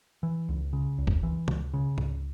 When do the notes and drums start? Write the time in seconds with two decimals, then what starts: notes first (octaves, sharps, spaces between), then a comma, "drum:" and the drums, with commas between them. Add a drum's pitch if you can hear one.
0.23 E3
0.49 C#2
0.73 C#3
0.98 C#2
1.07 drum: kick
1.23 E3
1.48 C#2, drum: tom
1.74 C#3
1.98 C#2, drum: tom